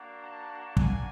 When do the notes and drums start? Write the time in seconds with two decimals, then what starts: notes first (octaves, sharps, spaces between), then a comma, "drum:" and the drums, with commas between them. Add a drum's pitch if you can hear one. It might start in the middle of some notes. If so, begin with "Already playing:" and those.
Already playing: A#3 D4 F#4
0.21 A5
0.77 G#5, drum: kick